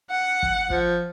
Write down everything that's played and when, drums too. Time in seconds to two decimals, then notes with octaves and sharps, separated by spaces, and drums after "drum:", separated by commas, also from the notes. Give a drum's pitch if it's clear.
0.11 F#5
0.43 drum: kick
0.70 F3, drum: kick